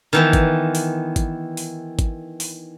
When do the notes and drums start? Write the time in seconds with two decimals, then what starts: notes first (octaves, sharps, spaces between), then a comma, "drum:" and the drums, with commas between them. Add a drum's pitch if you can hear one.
0.13 D#3 E3 B3
0.33 drum: kick G#1, hi-hat
0.75 drum: open hi-hat
1.16 drum: kick G#1, hi-hat
1.57 drum: open hi-hat
1.99 drum: kick G#1, hi-hat
2.40 drum: open hi-hat